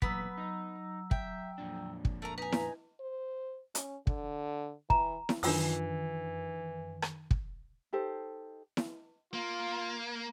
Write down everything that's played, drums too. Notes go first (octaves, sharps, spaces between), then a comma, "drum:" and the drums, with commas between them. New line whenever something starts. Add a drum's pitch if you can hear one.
E2 A#2 F#3 B3 A#5 B5 E6, drum: kick
D#4
E5 G5, drum: kick
F2 A#2 D4
drum: kick
A3 A#4 A#5
D#4 B4 G#5 A#5
drum: snare E4
C5
C#4, drum: hi-hat
D3, drum: kick
E3 A#5, drum: kick
drum: snare E4
F#2 D#3 E3 D4 F4 E6, drum: open hi-hat
drum: rim click
drum: kick
D#4 G4 A4 C5
drum: snare E4
A#3 F4